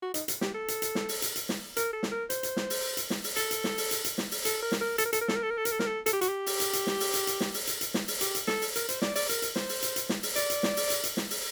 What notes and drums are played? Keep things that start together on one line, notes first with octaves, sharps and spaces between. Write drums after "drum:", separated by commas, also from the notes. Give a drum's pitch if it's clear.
F#4
D#4, drum: hi-hat
drum: hi-hat
G4, drum: snare
A4
drum: hi-hat
drum: hi-hat
drum: snare
drum: open hi-hat
drum: hi-hat
drum: hi-hat
drum: snare
A#4, drum: hi-hat
A4
drum: snare
A#4
C5, drum: hi-hat
drum: hi-hat
drum: snare
drum: open hi-hat
drum: hi-hat
drum: snare
drum: open hi-hat
A4, drum: hi-hat
drum: hi-hat
drum: snare
drum: open hi-hat
drum: hi-hat
drum: hi-hat
drum: snare
drum: open hi-hat
A4, drum: hi-hat
A#4
drum: snare
A#4
A4, drum: hi-hat
A#4
A4, drum: hi-hat
A#4
A4, drum: snare
A#4
A4
A#4
A4
A#4, drum: hi-hat
A4
A#4, drum: snare
A4
A4, drum: hi-hat
G4
F#4, drum: hi-hat
G4
drum: open hi-hat
drum: hi-hat
drum: hi-hat
drum: snare
drum: open hi-hat
drum: hi-hat
drum: hi-hat
drum: snare
drum: open hi-hat
drum: hi-hat
drum: hi-hat
drum: snare
drum: open hi-hat
G4, drum: hi-hat
drum: hi-hat
A4, drum: snare
drum: open hi-hat
A#4, drum: hi-hat
C5, drum: hi-hat
D5, drum: snare
D5, drum: open hi-hat
A#4, drum: hi-hat
drum: hi-hat
C5, drum: snare
drum: open hi-hat
drum: hi-hat
drum: hi-hat
drum: snare
drum: open hi-hat
D5, drum: hi-hat
drum: hi-hat
drum: snare
drum: open hi-hat
drum: hi-hat
drum: hi-hat
drum: snare
drum: open hi-hat